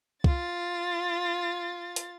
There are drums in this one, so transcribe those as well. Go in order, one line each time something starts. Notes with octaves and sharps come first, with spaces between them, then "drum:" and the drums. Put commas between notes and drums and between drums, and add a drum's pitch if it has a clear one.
F4 A6, drum: kick
drum: hi-hat